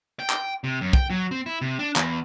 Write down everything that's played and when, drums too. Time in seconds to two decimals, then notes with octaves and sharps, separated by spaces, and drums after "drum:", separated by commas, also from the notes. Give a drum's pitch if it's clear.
0.20 G5
0.30 drum: clap
0.64 C3
0.81 F#2
0.93 G5, drum: kick
1.10 F#3
1.31 C4
1.46 E4
1.61 C3
1.79 D4
1.96 E2, drum: clap